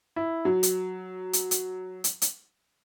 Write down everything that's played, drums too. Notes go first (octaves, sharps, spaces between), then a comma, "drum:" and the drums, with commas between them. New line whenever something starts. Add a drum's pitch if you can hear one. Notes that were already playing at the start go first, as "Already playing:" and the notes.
E4
F#3
drum: hi-hat
drum: hi-hat
drum: hi-hat
drum: hi-hat
drum: hi-hat